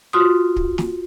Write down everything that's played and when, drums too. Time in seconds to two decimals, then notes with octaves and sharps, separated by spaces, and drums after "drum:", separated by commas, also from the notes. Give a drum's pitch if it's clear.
0.13 F4 F#4 C6 D#6
0.56 drum: kick
0.78 drum: snare